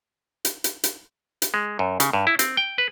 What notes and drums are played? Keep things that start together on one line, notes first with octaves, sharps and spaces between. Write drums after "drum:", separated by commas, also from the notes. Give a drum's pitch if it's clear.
drum: hi-hat
drum: hi-hat
drum: hi-hat
drum: hi-hat
G#3
F#2
C#3, drum: hi-hat
G2
E4
C4, drum: hi-hat
G5
B4